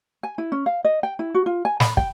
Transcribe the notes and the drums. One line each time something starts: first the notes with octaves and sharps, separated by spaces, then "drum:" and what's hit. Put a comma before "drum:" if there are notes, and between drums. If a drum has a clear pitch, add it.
G#5
E4
C#4
F5
D#5
G5
E4
F#4
F4
G#5
B5, drum: snare
G5, drum: kick